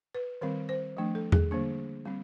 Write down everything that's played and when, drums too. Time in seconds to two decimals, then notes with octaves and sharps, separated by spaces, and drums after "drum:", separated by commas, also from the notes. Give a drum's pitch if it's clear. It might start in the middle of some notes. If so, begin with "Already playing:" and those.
0.15 B4
0.41 D#3 G3 C4 A#4
0.69 C5
0.97 F3 A3 D4
1.15 A4
1.32 G#4, drum: tom E2
1.51 D3 G3 A#3 D4
2.05 G3 C4